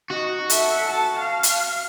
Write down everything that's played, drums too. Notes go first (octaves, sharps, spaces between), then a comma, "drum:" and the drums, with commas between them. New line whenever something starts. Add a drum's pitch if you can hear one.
D#4 F#4
A4 E5, drum: hi-hat
A5
F5
drum: hi-hat